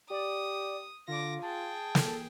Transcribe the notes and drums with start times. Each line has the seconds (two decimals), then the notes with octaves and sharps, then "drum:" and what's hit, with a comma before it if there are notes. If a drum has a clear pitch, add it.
0.11 G4 D5 D#6
1.08 D3 F4 D6 A#6
1.42 G#4 G5 A5
1.95 A4, drum: snare